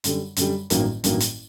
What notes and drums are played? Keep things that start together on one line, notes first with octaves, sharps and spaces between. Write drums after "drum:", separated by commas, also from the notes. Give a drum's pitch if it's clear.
F#2 D3 G3, drum: hi-hat
F#2 D3 G3, drum: hi-hat
A1 G2 D#3 F#3 A#3, drum: hi-hat
A1 G2 D#3 F#3 A#3, drum: hi-hat
drum: hi-hat